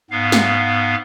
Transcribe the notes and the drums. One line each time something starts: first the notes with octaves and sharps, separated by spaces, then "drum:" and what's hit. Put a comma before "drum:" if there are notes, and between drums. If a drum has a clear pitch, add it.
G#2 B3 F5
drum: snare